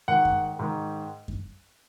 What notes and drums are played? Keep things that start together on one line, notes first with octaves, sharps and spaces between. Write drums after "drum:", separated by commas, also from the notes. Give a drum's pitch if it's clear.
G#2 D#3 F#5
drum: kick F#2
G#2 D#3
drum: kick F#2